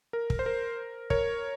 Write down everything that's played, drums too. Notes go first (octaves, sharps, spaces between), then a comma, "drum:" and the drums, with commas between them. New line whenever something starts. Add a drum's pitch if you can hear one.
A#4
drum: kick
C5
A#4
A#4 C#5, drum: kick